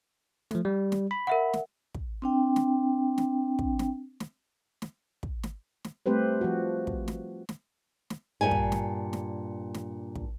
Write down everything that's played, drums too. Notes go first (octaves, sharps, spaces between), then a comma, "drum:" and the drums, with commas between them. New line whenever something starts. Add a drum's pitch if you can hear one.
F3 A3, drum: snare
G3
drum: snare
B5
A#4 E5 F#5
drum: snare
drum: kick
C4 D4 G5
drum: snare
drum: snare
drum: kick
drum: snare
drum: snare
drum: snare
drum: kick
drum: snare
drum: snare
G3 A3 C4 G4 B4 C5
F3 F#4
drum: kick
drum: snare
drum: snare
drum: snare
G2 A#2 G3 G#5
drum: kick
drum: snare
drum: snare
drum: snare
drum: kick